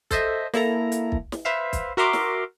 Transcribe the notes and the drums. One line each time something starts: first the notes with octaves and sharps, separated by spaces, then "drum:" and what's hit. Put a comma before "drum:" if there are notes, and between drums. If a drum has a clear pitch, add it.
A4 C5 D#5 E5, drum: kick, hi-hat
A#3 E4 A4 A#5, drum: snare
drum: hi-hat
drum: kick
drum: snare
B4 C5 E5 F5
drum: kick, hi-hat
F#4 A#4 E5 A#5 C6 D6
drum: snare